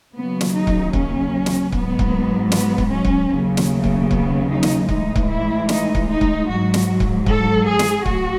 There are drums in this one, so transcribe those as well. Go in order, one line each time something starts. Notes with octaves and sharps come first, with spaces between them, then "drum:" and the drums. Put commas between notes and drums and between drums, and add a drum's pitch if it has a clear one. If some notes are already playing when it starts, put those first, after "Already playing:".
D#2 C#3 F#3 B3
drum: snare
D#4
drum: kick C#1
C#4, drum: kick C#1
drum: snare
G#2 F#3 B3, drum: kick C#1
drum: kick C#1
B3, drum: snare
drum: kick C#1
C#4
drum: kick C#1
D#2 C#3 F#3
drum: snare
A3
drum: kick C#1
B3, drum: kick C#1
D#4
drum: snare
A2 E3 G#3 D#4, drum: kick C#1
drum: kick C#1
E4
D#4, drum: snare
drum: kick C#1
D#4
drum: kick C#1
G#2 F#3 F#4
drum: snare
drum: kick C#1
A4, drum: kick C#1
G#4
drum: snare
A2 F#4, drum: kick C#1